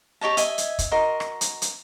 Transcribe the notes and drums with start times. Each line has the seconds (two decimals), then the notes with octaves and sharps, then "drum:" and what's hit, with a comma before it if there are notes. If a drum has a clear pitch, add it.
0.21 G4 C#5 D#5 A5
0.37 D#5 E5 G#5, drum: hi-hat
0.58 drum: hi-hat
0.79 drum: kick, hi-hat
0.91 F#4 A#4 D#5 C6
1.20 drum: rim click
1.41 drum: hi-hat
1.62 drum: hi-hat